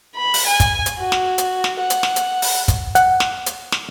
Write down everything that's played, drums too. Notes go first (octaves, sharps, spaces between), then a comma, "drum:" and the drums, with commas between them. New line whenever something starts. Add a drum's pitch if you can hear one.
B5
drum: open hi-hat
G#5
drum: kick, hi-hat
drum: hi-hat
F#4
drum: snare
drum: hi-hat
drum: snare
F#5
drum: hi-hat
drum: snare
drum: hi-hat
drum: open hi-hat
drum: kick, hi-hat
F#5, drum: hi-hat
drum: snare
drum: hi-hat
drum: snare